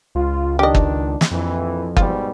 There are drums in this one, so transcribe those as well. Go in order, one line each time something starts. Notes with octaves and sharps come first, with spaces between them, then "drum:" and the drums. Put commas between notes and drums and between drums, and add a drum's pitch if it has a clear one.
C#2 F4
D#3 D4 G4 D#5
drum: kick
drum: snare
A#1 F2 E3
G#2 B2 G3 F4, drum: kick